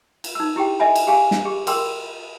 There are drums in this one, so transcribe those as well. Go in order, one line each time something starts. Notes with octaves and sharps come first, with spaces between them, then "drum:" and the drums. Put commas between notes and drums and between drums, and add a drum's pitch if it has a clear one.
drum: cymbal
D#4 E6
E4 G4 G#4 G5
A4 D#5 E5 G#5 B5
drum: cymbal
G4 G#4 F5 G#5
drum: snare
G4 G#4
G#4 A#4 G5 C6 E6, drum: cymbal